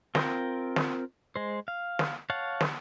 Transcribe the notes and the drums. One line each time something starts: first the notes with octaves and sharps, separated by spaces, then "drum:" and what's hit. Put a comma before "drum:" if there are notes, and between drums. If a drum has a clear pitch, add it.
C4 F4 A#4 G5, drum: snare
drum: snare
G#3 C5
F5
drum: snare
C#5 F5 F#5 A5
drum: snare